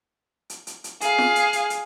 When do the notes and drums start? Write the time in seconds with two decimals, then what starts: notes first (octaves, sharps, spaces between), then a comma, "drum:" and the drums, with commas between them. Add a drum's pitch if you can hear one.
0.50 drum: hi-hat
0.67 drum: hi-hat
0.84 drum: hi-hat
1.01 G#4 F5, drum: hi-hat
1.18 drum: snare
1.36 drum: hi-hat
1.53 drum: hi-hat
1.70 drum: hi-hat